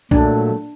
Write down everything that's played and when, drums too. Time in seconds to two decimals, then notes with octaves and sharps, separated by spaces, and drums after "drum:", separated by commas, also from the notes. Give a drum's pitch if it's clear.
0.11 A#2 F#3 A3 D4, drum: kick B1